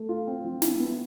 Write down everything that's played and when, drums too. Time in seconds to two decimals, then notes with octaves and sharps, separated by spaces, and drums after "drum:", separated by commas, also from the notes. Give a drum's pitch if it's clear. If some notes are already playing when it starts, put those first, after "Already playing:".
Already playing: A3
0.09 F4
0.27 C4
0.44 F3
0.62 E4, drum: snare
0.80 B3